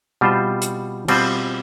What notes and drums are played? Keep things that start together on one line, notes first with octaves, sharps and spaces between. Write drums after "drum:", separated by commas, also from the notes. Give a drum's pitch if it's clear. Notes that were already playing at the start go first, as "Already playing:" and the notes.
B2 G3 C4 F4 C5
drum: hi-hat
B2 G3 C4 F4 C5, drum: cymbal